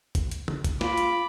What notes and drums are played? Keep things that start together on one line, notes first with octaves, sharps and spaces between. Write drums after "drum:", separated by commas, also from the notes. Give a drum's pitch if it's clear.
drum: kick, hi-hat
drum: hi-hat
drum: tom C#3
drum: kick, hi-hat
F4 B5 D6, drum: snare
drum: hi-hat